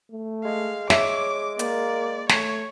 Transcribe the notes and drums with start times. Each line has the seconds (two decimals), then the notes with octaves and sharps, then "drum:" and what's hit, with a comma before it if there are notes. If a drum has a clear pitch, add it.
0.11 A3
0.45 G#3 F5
0.90 C#5 E5 D6, drum: snare
1.59 A#3 D5, drum: hi-hat
2.29 A3 C#5, drum: snare